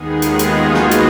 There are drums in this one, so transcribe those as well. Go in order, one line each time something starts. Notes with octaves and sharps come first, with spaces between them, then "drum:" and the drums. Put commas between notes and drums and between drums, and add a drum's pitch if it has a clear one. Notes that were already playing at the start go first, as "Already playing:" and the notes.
Already playing: D#2 D#3 G#3 B3 D#4 G#4
F4, drum: hi-hat
drum: hi-hat
F#4
drum: snare
drum: hi-hat